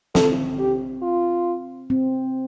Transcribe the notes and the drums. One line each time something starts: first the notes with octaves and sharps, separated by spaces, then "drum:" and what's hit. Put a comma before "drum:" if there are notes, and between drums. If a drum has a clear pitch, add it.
C4 A4, drum: snare
G4
F4
C4